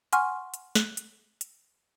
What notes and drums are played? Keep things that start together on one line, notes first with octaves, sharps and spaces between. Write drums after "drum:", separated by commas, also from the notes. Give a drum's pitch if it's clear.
F#5 G#5 C6 C#6 F6, drum: hi-hat
drum: hi-hat
F#6, drum: snare
drum: hi-hat
drum: hi-hat